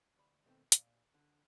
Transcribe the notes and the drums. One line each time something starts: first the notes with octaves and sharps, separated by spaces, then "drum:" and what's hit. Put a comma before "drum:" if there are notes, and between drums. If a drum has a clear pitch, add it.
D2 B5
B2 D#3 A3 C4
A#2, drum: hi-hat
D3